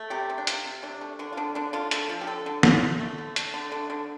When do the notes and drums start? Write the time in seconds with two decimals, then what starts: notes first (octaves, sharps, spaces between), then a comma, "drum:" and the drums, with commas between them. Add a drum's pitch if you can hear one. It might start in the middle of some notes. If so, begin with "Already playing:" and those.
Already playing: A3
0.10 C3 G4
0.30 C3
0.38 D4
0.47 C3 F4, drum: hi-hat
0.66 C3
0.83 C3 D4
1.01 A3
1.19 D3 D4
1.33 F4
1.37 D3 D4
1.55 D3 D4
1.73 D3 F4
1.91 A3 A4, drum: hi-hat
2.09 F3
2.21 G4
2.27 D3 A4
2.46 D3
2.63 D3 F4, drum: snare
2.82 A3
3.00 A3
3.18 D3
3.36 A3, drum: hi-hat
3.54 D3
3.72 D3
3.90 D3